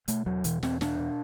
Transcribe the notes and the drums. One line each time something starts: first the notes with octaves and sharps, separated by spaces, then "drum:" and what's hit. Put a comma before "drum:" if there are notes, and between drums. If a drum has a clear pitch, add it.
B2 A3, drum: hi-hat
E2 F#3
B2 E3, drum: hi-hat
E2 C4, drum: snare
B2 D4, drum: snare
B2